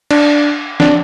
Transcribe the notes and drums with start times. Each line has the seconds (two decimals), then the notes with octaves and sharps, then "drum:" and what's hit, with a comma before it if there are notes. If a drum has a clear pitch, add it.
0.11 D4, drum: cymbal
0.80 D4, drum: snare